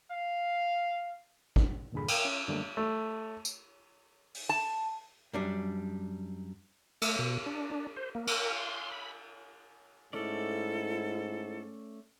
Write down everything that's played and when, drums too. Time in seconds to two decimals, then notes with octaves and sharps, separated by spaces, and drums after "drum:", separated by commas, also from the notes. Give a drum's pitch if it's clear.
0.11 F5
1.56 drum: kick
1.92 E2 G2 A#2 D3 G#4 B5
2.08 A#4 F5 G5, drum: cymbal
2.25 C#4
2.48 F#2 D3 G3 A3 A#3 D4
2.77 A3
3.45 drum: tambourine
4.34 drum: open hi-hat
4.49 A5
5.33 F#2 G3 D4
7.02 A3, drum: cymbal
7.19 B2
7.46 D4
7.71 D4
7.96 C5
8.15 A#3
8.27 A#4, drum: cymbal
8.56 C6
8.91 B5
10.13 G#2 A3 C#4 E4 A4 D5